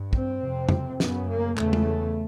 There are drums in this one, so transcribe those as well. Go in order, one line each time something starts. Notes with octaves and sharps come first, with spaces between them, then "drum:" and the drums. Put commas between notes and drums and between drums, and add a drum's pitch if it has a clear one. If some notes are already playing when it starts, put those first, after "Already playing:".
Already playing: G2
C4, drum: kick
F2 C3
drum: tom F2
F#2 C#3 B3, drum: snare
A#3
E2 C#3 A3, drum: clap
drum: tom